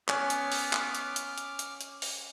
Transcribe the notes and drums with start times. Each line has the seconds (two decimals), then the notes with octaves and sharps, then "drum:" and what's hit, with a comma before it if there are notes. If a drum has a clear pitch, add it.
0.09 B3 C#4 D6 F6, drum: clap
0.30 drum: hi-hat
0.52 drum: open hi-hat
0.73 drum: clap
0.95 drum: hi-hat
1.16 drum: hi-hat
1.38 drum: hi-hat
1.59 drum: hi-hat
1.81 drum: hi-hat
2.02 drum: open hi-hat